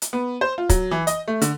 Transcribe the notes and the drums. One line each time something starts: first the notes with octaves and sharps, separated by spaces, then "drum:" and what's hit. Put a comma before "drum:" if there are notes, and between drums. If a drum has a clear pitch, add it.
drum: hi-hat
B3
C5
F4
F#3, drum: kick, hi-hat
E3
D#5, drum: hi-hat
A3
D3, drum: hi-hat